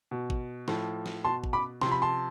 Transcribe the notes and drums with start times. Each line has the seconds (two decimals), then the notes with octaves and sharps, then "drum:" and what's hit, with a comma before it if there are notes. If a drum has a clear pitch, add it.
0.11 B2
0.30 drum: kick G#1
0.68 A2 F3, drum: snare
1.06 drum: snare
1.24 B2 A5 C6
1.44 drum: kick G#1
1.53 B5 D6
1.81 C3 F3 C6, drum: snare
1.92 B5
2.02 A5 C6